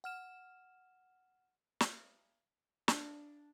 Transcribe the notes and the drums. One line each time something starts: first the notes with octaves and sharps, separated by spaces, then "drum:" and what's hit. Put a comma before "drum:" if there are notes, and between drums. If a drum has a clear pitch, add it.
F#5 F6 E7
drum: snare
D4, drum: snare